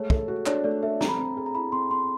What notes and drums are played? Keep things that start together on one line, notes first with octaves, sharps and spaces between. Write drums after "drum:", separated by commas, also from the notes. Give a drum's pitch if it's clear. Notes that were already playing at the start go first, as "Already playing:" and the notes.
Already playing: G#3 A3 C#5
A4, drum: kick
F#4
D4 C#5, drum: clap
A3 D5
A4 E5
C4 A#5, drum: snare
B5
C4 A#5
G#4
A#5
E4 B5
C4 C6
C4 C6